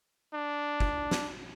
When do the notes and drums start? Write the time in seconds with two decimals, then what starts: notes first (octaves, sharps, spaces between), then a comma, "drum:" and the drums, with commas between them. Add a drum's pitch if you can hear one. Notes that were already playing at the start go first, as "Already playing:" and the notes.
0.33 D4
0.80 drum: kick
1.11 drum: snare